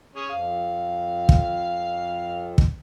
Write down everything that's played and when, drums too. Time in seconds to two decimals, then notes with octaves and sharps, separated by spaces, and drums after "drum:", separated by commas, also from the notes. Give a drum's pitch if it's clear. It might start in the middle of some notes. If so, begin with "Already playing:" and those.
0.16 C#4 G#4
0.30 F2 F5
1.29 drum: kick
2.58 drum: kick